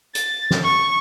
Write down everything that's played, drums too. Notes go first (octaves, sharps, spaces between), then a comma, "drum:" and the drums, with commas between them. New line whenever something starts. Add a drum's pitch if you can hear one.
A6, drum: hi-hat
drum: snare
C#6